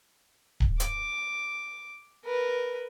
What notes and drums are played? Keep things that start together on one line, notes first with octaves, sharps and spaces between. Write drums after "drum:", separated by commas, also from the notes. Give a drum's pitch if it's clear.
drum: kick D1
D6, drum: hi-hat
A#4 B4